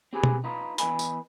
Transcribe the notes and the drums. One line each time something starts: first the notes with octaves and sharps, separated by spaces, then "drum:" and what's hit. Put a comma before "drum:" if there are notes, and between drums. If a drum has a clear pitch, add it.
C4 G4 G#4 B4
drum: tom B2
D#4 F4 B4
E2 B4 D#5 G#5 B5, drum: hi-hat
drum: tambourine